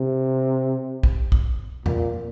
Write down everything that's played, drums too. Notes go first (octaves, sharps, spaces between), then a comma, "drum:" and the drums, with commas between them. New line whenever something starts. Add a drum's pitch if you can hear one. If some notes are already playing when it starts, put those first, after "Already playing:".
Already playing: C3
drum: kick
drum: kick
A#2, drum: tom E2